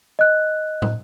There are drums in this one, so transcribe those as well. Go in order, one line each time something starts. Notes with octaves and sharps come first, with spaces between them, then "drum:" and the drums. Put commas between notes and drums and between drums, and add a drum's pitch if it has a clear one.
D#5 F#6
drum: tom